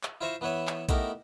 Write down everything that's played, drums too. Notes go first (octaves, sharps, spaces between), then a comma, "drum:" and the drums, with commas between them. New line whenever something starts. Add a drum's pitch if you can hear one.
drum: clap
E4 F4 C5 E5 A#5 C#6
E3 B3 B4 C#5 E5
drum: clap
A3 B3 D#4 E4 G4 A#4, drum: kick A#1, hi-hat